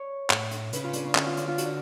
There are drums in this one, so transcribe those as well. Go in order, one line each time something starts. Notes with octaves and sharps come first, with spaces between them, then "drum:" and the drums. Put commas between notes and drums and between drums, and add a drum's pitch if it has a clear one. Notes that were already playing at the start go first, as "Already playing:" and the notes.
Already playing: C#5
A2, drum: clap
drum: hi-hat
C#3 B4, drum: hi-hat
F4
D4, drum: hi-hat
C#4
D3 C#4, drum: clap
F4
D4, drum: hi-hat
F4
F#4, drum: hi-hat